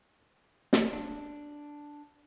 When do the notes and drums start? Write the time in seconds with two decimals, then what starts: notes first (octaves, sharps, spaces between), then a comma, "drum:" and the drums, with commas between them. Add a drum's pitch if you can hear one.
0.73 drum: snare
0.93 D4